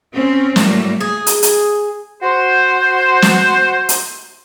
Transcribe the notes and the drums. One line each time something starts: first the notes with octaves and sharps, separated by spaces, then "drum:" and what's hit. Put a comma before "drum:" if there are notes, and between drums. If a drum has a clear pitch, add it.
C4 C#4
A2 F#3 G3 A3 A#3, drum: snare
G#4
drum: hi-hat
drum: hi-hat
F#4 C5
drum: snare
drum: hi-hat